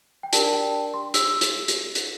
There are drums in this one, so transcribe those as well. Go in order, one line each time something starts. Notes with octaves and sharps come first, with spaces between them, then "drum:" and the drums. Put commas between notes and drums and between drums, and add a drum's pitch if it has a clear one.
G5
D4 G4 A#4 D5 A5, drum: hi-hat
G5
C6
E6, drum: hi-hat
drum: hi-hat
drum: hi-hat
drum: hi-hat